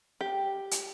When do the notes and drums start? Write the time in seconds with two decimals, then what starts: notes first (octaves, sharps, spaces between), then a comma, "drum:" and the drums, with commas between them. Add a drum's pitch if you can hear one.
0.21 G4
0.71 drum: hi-hat